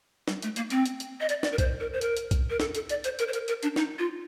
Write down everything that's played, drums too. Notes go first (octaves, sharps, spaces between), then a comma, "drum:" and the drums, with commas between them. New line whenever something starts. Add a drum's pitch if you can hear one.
G3, drum: snare
A3, drum: hi-hat
A#3, drum: hi-hat
C4, drum: hi-hat
drum: hi-hat
drum: hi-hat
D#5
D5, drum: hi-hat
D5, drum: snare
A#4
C5, drum: kick B1, hi-hat
A#4
C5
A#4, drum: hi-hat
drum: hi-hat
drum: kick B1, hi-hat
A#4
A4, drum: snare
A4, drum: hi-hat
D5, drum: hi-hat
C5, drum: hi-hat
A#4, drum: hi-hat
C5
A#4, drum: hi-hat
A#4, drum: hi-hat
D4, drum: hi-hat
D#4, drum: snare
F4